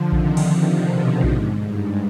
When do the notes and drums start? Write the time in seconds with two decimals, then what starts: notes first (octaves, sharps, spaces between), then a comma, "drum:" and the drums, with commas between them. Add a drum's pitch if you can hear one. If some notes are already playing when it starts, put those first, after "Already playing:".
Already playing: D3 F3
0.12 C3 D#3, drum: kick A#1
0.37 drum: cymbal
0.49 C3
0.87 B2
1.24 G#2, drum: kick A#1
1.61 G2